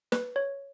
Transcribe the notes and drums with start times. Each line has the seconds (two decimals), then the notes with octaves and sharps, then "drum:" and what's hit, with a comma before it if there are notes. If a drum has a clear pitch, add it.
0.12 B4, drum: snare
0.36 C#5